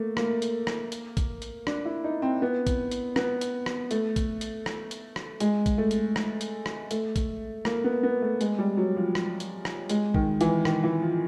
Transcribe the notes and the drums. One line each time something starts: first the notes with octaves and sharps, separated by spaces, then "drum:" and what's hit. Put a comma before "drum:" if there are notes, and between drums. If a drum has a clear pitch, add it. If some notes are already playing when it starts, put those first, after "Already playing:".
Already playing: A3 A#3
A#3, drum: rim click
drum: hi-hat
drum: rim click
drum: hi-hat
drum: kick, hi-hat
drum: hi-hat
D4, drum: rim click
E4
D#4
C4
B3
drum: kick, hi-hat
drum: hi-hat
B3, drum: rim click
drum: hi-hat
drum: rim click
A3, drum: hi-hat
drum: kick, hi-hat
drum: hi-hat
drum: rim click
drum: hi-hat
drum: rim click
G#3, drum: hi-hat
drum: kick, hi-hat
A3
drum: hi-hat
drum: rim click
drum: hi-hat
drum: rim click
A3, drum: hi-hat
drum: kick, hi-hat
A#3, drum: rim click
B3
B3
A3
G#3, drum: hi-hat
G3
F#3
F3
drum: rim click
drum: hi-hat
drum: rim click
G#3, drum: hi-hat
D#3, drum: kick
E3, drum: hi-hat
D#3, drum: rim click
E3
F3